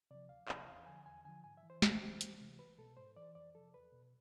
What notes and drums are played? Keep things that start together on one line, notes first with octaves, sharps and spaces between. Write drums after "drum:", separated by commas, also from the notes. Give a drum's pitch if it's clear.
C3 F3 D5
D2 F5
C3 F3 E5, drum: clap
E2 F5
D3 F3 G#5
E2 G#5
D3 F3 G#5
G#2 G#5
E5
E3
C5
F2, drum: snare
E3
D2, drum: hi-hat
C3 E3
C2 B4
B2 A4
G#2 C5
E3 D5
F2 D5
C3 F3 A4
E2 B4
B2